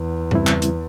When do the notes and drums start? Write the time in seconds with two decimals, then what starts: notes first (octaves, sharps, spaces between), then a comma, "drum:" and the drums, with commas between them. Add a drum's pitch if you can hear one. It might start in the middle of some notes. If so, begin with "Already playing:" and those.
Already playing: E2
0.31 C#3 G3 C4 E4, drum: tom G2
0.47 drum: clap
0.62 drum: hi-hat